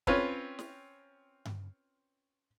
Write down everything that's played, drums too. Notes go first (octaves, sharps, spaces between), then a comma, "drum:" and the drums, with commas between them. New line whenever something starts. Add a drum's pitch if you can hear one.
C4 C#4 F4 B4 C#5, drum: kick
drum: snare
drum: tom G2